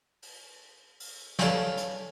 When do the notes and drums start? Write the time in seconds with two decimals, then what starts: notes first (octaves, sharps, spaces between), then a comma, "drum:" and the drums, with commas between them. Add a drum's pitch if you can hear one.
0.22 drum: open hi-hat
1.00 drum: open hi-hat
1.39 A4 C#5 D5 F5 G#5 B5, drum: snare
1.78 drum: hi-hat